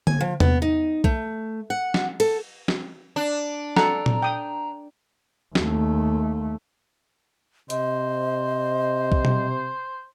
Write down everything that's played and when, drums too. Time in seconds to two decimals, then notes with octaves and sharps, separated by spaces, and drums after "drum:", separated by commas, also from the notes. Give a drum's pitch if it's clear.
0.07 G#5, drum: tom D3
0.20 F3
0.40 B3, drum: tom E2
0.62 D#4
1.04 A3, drum: kick B1
1.70 F#5
1.94 drum: snare
2.20 A4, drum: cymbal
2.68 drum: snare
3.16 D4
3.77 A4 F#5 A#5, drum: snare
4.06 drum: tom A#2
4.22 G5 D#6
5.55 D#2 A3, drum: snare
7.70 C3 C5 D#5, drum: hi-hat
9.12 drum: kick B1
9.25 drum: tom B2